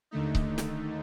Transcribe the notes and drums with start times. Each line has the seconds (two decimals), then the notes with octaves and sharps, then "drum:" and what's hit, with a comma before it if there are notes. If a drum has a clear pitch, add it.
0.11 D#2 D3 A3 D#4
0.35 drum: kick C#1
0.58 drum: snare